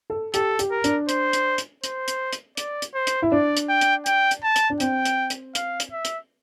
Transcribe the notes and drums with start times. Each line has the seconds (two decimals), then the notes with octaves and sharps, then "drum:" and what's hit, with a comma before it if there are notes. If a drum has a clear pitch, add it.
0.10 A4
0.34 G4 A4, drum: hi-hat
0.59 G4, drum: hi-hat
0.71 A#4
0.84 D4, drum: hi-hat
1.09 C5, drum: hi-hat
1.33 drum: hi-hat
1.58 drum: hi-hat
1.84 C5, drum: hi-hat
2.08 drum: hi-hat
2.33 drum: hi-hat
2.57 D5, drum: hi-hat
2.82 drum: hi-hat
2.94 C5
3.07 drum: hi-hat
3.22 E4
3.32 D4 D5
3.57 drum: hi-hat
3.69 G5
3.81 drum: hi-hat
4.06 G5, drum: hi-hat
4.31 drum: hi-hat
4.43 A5
4.56 drum: hi-hat
4.70 D4
4.80 C4 G5, drum: hi-hat
5.05 drum: hi-hat
5.30 drum: hi-hat
5.55 F5, drum: hi-hat
5.80 drum: hi-hat
5.92 E5
6.05 drum: hi-hat